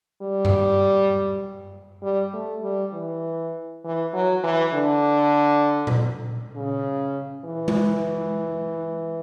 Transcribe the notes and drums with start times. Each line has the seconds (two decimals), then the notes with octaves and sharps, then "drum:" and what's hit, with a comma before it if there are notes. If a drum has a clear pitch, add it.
0.22 G3
0.45 drum: tom G2
2.03 G3
2.34 A3
2.63 G3
2.93 E3
3.84 E3
4.13 F#3
4.44 E3
4.74 D3
5.87 drum: tom A#2
6.55 C#3
7.45 E3
7.68 drum: tom G#3